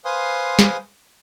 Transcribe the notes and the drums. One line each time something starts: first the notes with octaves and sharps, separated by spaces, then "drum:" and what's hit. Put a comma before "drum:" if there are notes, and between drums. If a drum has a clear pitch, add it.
B4 C5 F5 G#5 C6 D#6
drum: snare